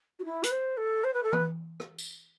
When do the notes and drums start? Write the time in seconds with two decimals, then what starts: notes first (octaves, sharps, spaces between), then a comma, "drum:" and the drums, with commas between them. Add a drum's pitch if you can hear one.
0.19 F#4
0.24 E4
0.43 B4, drum: hi-hat
0.51 C5
0.77 A4
1.04 C5
1.14 B4
1.23 A4
1.33 B4, drum: tom E3
1.80 drum: rim click
1.98 drum: tambourine